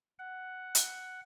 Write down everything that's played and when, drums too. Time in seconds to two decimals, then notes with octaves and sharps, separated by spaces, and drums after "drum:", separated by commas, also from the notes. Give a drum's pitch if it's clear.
0.19 F#5
0.75 drum: hi-hat